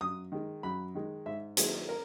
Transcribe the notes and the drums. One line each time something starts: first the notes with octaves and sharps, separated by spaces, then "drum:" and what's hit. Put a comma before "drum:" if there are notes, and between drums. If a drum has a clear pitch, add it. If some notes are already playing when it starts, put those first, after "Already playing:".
F#2 D#6
D#3 G#3
F#2 B5
D#3 G#3
G#2 E5
D#3 F#3 A#3 E4 G#4, drum: hi-hat
A#4